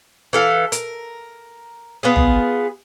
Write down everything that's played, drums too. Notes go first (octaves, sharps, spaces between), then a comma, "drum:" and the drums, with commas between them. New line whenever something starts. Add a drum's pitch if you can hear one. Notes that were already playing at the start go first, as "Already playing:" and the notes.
E3 A4 F5
A#4, drum: hi-hat
B3 F4 G#4
drum: tom